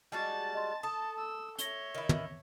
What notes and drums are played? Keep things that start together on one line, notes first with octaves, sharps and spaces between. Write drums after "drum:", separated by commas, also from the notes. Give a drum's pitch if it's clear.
G3 G#3 F#4 A5 A6
D#5 C6
A4 A5 D#6
E6
C#5 E5 A#6 G7, drum: hi-hat
D#3 E4
drum: tom